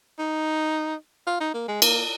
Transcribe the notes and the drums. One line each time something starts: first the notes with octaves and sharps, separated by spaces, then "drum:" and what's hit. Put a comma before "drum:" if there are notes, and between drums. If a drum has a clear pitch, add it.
D#4
F4
D#4
A#3
G#3
A#3, drum: cymbal